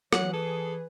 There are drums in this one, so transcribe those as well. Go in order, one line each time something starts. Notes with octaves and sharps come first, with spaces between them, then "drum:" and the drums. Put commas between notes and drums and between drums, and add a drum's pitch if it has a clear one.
E3 F#3 C#5 F#5, drum: rim click
G#4 A4 B4